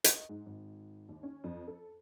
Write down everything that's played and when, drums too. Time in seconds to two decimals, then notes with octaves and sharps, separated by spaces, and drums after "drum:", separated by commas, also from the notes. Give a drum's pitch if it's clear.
0.04 D#5, drum: hi-hat
0.29 G#2
0.46 G#1
1.09 D#2
1.23 C#4
1.44 F2
1.68 A4